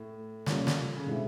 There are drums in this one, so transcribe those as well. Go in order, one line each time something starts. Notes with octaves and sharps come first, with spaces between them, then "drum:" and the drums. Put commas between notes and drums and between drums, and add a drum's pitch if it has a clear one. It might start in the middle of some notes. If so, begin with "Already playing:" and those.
Already playing: A2
G3 A#3 C#4 F4, drum: snare
drum: snare
C#3
B2 D3 G#3 C4 E4